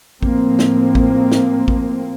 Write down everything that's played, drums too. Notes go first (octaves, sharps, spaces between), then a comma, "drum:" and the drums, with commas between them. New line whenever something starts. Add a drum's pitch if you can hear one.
A2 F3 A#3 C4, drum: kick A1
drum: snare
drum: kick A1
drum: snare
drum: kick A1